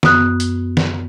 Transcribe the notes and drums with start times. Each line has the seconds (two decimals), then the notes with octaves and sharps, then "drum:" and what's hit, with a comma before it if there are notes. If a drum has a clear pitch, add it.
0.03 F#2 B3 D#6 F#6, drum: snare
0.40 drum: hi-hat
0.77 drum: snare